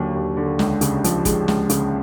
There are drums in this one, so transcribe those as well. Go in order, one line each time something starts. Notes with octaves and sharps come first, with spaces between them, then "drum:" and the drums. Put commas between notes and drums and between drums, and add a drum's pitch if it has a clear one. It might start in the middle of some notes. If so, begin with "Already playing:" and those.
Already playing: D#2 D3 F#3 A#3
D#2
D3
C#2, drum: snare
C#3, drum: hi-hat
F3, drum: hi-hat
G#3, drum: kick, hi-hat
C#2, drum: snare
C#3, drum: hi-hat